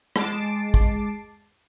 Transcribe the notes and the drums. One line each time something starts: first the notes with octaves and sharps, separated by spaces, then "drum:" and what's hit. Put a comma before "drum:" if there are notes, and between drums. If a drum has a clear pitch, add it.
G#3 A5 D6 C7, drum: rim click
drum: kick